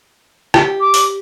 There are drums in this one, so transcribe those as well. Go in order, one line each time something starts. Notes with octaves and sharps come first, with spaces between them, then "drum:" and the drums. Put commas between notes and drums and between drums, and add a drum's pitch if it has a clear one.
G4, drum: rim click
D6
drum: open hi-hat